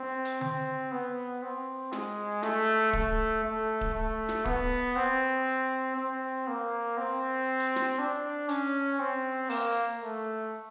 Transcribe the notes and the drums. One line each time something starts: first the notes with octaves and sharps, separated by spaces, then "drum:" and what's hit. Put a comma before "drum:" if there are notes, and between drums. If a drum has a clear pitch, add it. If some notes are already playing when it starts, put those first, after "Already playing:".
Already playing: C4
drum: hi-hat
C4, drum: tom D3
B3
C4
G#3, drum: snare
A3, drum: snare
A3, drum: kick D1
A3
drum: kick D1
A3
drum: snare
B3, drum: kick D1
C4
C4
A#3
C4
drum: hi-hat
drum: snare
D4
C#4, drum: hi-hat
C4
A#3, drum: open hi-hat
A3